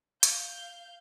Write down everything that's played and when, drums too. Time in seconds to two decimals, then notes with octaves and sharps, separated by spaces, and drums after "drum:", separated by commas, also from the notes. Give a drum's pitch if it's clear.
0.23 F5 G6, drum: hi-hat